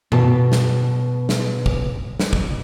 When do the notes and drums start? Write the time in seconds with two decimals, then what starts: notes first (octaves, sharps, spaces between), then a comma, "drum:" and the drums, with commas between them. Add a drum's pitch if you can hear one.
0.12 B2 B3 A5, drum: tom F#2
0.52 drum: snare
1.29 drum: snare
1.66 drum: kick
2.20 drum: snare
2.33 drum: kick